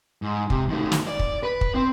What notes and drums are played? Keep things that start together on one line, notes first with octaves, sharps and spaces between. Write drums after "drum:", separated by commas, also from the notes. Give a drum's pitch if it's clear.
G#2
C3, drum: kick
D#3 A3
drum: snare
D5
drum: kick
B4
drum: kick
C4